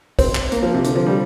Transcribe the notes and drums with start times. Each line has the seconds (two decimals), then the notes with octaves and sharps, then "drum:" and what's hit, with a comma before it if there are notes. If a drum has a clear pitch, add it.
0.19 C4, drum: kick, open hi-hat
0.35 drum: clap
0.52 A#3, drum: hi-hat
0.63 F3
0.74 C3
0.84 D3, drum: hi-hat
0.96 F3
1.06 G3